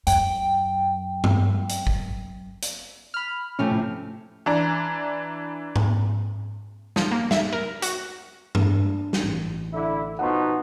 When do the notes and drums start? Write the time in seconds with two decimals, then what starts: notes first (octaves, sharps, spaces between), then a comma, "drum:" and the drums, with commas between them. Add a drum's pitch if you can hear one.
0.07 F#2 G5, drum: hi-hat
1.24 drum: tom G2
1.69 drum: hi-hat
1.87 drum: kick
2.62 drum: hi-hat
3.14 B5 F6
3.59 C3 F3 A3 C#4 F6
3.72 A2
4.46 E3 D4 A#5
5.76 drum: tom G#2
6.96 F3, drum: snare
7.11 A#3
7.31 E5, drum: snare
7.52 A#4
7.82 F#4, drum: hi-hat
8.55 D4, drum: tom G2
9.13 drum: snare
9.23 A1
9.73 D3 E4
10.19 B2 F3 D#4 F#5 C6